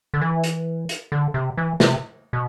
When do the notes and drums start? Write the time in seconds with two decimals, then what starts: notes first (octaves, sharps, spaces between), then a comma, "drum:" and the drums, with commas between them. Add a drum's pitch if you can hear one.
0.14 D3
0.21 E3
0.44 drum: hi-hat
0.89 drum: hi-hat
1.12 D3
1.34 C3
1.57 E3
1.80 C3, drum: snare
2.33 B2